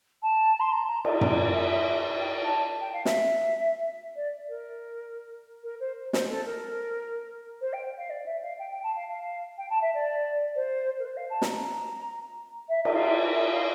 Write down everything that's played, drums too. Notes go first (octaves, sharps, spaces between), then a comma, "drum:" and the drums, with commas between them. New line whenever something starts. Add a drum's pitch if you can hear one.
A5
C6
A#5
A#5
D5, drum: cymbal
D5, drum: tom F#2
D5
E5
G5
A5
G5
F5
E5, drum: snare
D5
A#4
A#4
C5
C5, drum: snare
A4
A#4
C5
G5
F5
D5
E5
F5
G5
G5
A5
F5
F5
G5
A5
E5
D5
C5
A#4
C5
F5
A5
A#5, drum: snare
E5
E5, drum: cymbal
F5
E5
F5